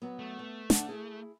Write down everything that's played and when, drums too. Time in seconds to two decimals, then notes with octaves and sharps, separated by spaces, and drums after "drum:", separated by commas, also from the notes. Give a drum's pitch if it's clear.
0.02 F#3 B3
0.19 A3
0.39 B3
0.70 D2 D4 F#5, drum: snare
0.89 E4 G#4